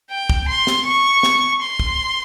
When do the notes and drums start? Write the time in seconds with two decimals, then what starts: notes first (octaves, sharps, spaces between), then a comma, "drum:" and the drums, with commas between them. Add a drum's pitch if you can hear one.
0.11 G5
0.30 drum: kick
0.49 C6
0.67 drum: snare
0.85 C#6
1.23 drum: snare
1.61 C6
1.80 drum: kick